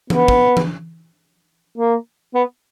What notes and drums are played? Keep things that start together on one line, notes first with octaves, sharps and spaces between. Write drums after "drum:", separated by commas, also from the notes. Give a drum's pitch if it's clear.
B3, drum: tom E3
drum: kick
drum: tom E3
A#3
B3